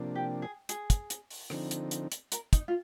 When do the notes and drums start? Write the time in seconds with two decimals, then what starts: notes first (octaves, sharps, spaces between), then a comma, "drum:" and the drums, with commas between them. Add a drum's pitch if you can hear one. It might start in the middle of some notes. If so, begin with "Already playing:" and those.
Already playing: C3 F3 A#3 D4
0.15 G4
0.42 G#4
0.69 G#4, drum: hi-hat
0.90 drum: kick, hi-hat
1.10 drum: hi-hat
1.30 drum: open hi-hat
1.50 D3 F3 C4 D#4, drum: rim click
1.71 drum: hi-hat
1.91 drum: hi-hat
2.12 drum: hi-hat
2.32 A#4, drum: hi-hat
2.53 D#4, drum: kick, hi-hat
2.68 F4